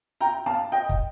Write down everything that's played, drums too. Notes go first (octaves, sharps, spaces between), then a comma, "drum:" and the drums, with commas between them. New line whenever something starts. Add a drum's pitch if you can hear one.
G5 A#5
F5 A5
D#5 G5
drum: kick